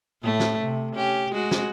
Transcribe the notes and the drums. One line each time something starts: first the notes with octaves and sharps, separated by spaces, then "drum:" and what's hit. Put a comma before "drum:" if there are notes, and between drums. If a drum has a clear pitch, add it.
A2 A3
drum: snare
C3
C#4 G4
G#3 F#4
drum: snare